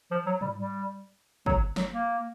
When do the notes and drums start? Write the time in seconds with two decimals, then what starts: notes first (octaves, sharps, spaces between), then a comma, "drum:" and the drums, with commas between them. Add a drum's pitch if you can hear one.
0.11 F3
0.26 F#3
0.41 G3, drum: tom G#2
0.57 G3
1.46 F#3, drum: kick
1.76 F#3, drum: snare
1.91 A#3